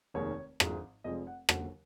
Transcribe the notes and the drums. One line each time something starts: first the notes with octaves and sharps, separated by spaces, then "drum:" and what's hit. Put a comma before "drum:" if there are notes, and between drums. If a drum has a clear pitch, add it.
F1 D#2 D#3 G#3 C#5
G#1 G#2 F3 G#3, drum: rim click
F1 F2 F3 G#3 D#5
F#5
D#2 C#3 F#3 F#5, drum: rim click